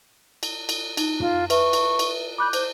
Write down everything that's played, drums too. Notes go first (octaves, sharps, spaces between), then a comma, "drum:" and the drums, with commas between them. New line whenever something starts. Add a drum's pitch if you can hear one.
drum: cymbal
drum: cymbal
D#4, drum: cymbal
F4, drum: tom
B4 E5 C#6, drum: cymbal
drum: cymbal
drum: cymbal
B5 D6 F#6 G6
C5, drum: cymbal